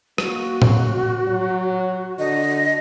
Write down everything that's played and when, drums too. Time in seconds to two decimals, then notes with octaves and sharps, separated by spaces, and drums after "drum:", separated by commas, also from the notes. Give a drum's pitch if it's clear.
0.18 A#3 F#4, drum: rim click
0.62 drum: tom A2
1.28 F#3
2.19 D3 D#5